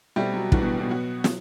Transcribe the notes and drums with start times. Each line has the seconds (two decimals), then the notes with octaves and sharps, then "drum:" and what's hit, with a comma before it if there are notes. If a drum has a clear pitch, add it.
0.16 B2 G3 A3 C4 E4
0.34 F#3
0.52 A2 E3 G3 D4 F#4, drum: kick
0.62 B2
0.80 B2
0.89 F#3 B3 F#4
1.24 F#3, drum: snare